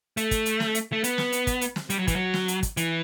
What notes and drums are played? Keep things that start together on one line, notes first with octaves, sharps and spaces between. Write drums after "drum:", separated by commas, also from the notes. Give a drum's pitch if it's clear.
A3, drum: hi-hat
drum: kick, hi-hat
drum: hi-hat
drum: snare
drum: hi-hat
A3
B3, drum: hi-hat
drum: snare
drum: hi-hat
drum: kick, hi-hat
drum: hi-hat
drum: snare
G3, drum: hi-hat
F#3
E3, drum: kick, hi-hat
F#3
drum: snare
drum: hi-hat
drum: kick, hi-hat
E3, drum: hi-hat